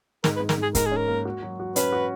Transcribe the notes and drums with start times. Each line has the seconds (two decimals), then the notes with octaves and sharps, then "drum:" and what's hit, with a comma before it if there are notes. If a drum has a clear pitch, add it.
0.24 G#2 A#4, drum: snare
0.36 B4
0.40 G#2
0.49 A#4, drum: snare
0.58 G#2 G#4
0.75 G#2 A#4, drum: kick C#1, hi-hat
0.87 G#4
0.92 C#4 A#4
1.08 A#3
1.25 F#4
1.42 F#3
1.60 F#4
1.76 C#4 B4, drum: hi-hat
1.92 F#4